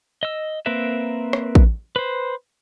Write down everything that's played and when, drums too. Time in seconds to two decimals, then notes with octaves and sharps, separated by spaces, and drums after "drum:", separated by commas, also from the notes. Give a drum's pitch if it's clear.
0.23 D#5 E6
0.66 A#3 C4 A#4 B4 E5
1.33 drum: rim click
1.55 drum: kick A1
1.96 B4 C5